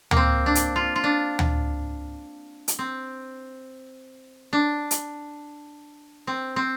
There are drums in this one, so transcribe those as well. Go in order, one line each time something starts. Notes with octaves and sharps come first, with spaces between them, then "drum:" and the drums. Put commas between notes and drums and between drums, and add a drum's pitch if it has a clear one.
A#3, drum: tom D2
C4
D4
drum: hi-hat
F4
F4
D4
drum: tom D2
drum: hi-hat
C4
D4
drum: hi-hat
C4
C4